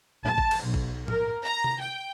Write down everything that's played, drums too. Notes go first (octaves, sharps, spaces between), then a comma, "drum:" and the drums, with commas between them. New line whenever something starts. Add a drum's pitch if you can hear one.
A5
drum: kick G#1
drum: cymbal
B1
drum: kick G#1
A#4, drum: tom
A#5
drum: tom C3
G5